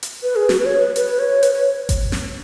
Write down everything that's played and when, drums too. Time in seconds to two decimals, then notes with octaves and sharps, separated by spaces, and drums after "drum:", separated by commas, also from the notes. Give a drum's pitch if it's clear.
0.03 drum: hi-hat
0.23 B4
0.36 G#4
0.49 F#4, drum: snare
0.59 B4
0.65 C#5
0.80 B4
0.96 B4, drum: hi-hat
1.19 C#5
1.43 B4, drum: hi-hat
1.54 C#5
1.89 drum: kick G#1, hi-hat
2.12 drum: snare